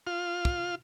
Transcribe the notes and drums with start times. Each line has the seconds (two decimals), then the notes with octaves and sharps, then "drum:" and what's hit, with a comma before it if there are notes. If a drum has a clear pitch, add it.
0.07 F4 F6
0.45 drum: kick